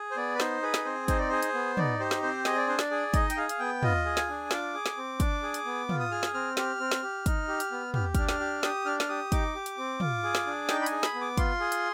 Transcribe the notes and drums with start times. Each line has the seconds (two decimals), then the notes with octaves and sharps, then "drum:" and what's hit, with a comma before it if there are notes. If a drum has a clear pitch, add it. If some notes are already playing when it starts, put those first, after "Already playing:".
Already playing: G#4
0.11 C5
0.17 B3 D5
0.35 B4
0.40 D#4 C5, drum: snare
0.62 G#4 B4
0.74 drum: snare
0.85 C4 C5
1.08 D#4 C5, drum: kick, hi-hat
1.19 D5
1.29 G#4 C5
1.42 drum: hi-hat
1.54 B3
1.77 D#4 D5, drum: tom
2.00 G4 C5
2.11 drum: snare
2.23 C4 C5
2.45 G#4 D#5, drum: snare
2.56 D5
2.68 D4 C5
2.79 D5, drum: snare
2.91 G#4
3.14 D#4 D#5, drum: kick, hi-hat
3.30 G5, drum: hi-hat
3.37 G#4 F5
3.49 F5, drum: hi-hat
3.60 B3 G5
3.83 F4 D#5, drum: tom
4.05 G#4
4.17 G#5, drum: snare
4.29 D4
4.51 F4 D6, drum: snare
4.74 G#4
4.86 drum: snare
4.97 C4
5.20 D4, drum: kick, hi-hat
5.43 G#4
5.54 drum: hi-hat
5.65 B3
5.89 F4, drum: tom
6.00 D#6
6.11 G#4 F6
6.23 drum: snare
6.34 C4 F6
6.57 G4 F6, drum: snare
6.80 C4
6.92 drum: snare
7.03 G4
7.26 D#4, drum: kick, hi-hat
7.48 G4
7.60 drum: hi-hat
7.72 B3
7.94 G4 F6, drum: tom
8.15 D4 F6, drum: kick, hi-hat
8.29 F6, drum: snare
8.40 G4
8.63 G4 D#6, drum: snare
8.86 D4 F6
9.00 F6, drum: snare
9.09 G4 D#6
9.32 D#4 D6, drum: kick, hi-hat
9.55 G4
9.66 drum: hi-hat
9.78 C4
10.00 F4, drum: tom
10.23 G#4
10.35 drum: snare
10.46 D4
10.69 D#4 G5, drum: snare
10.82 B5
10.86 G#5, drum: hi-hat
10.91 G#4
11.03 B5, drum: snare
11.14 B3
11.21 D6
11.38 F4 C6, drum: kick, hi-hat
11.60 G#4
11.72 drum: hi-hat